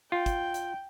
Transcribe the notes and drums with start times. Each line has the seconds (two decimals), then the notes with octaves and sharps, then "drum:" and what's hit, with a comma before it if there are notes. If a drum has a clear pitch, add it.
0.12 F4 G5
0.26 drum: kick, hi-hat
0.54 drum: hi-hat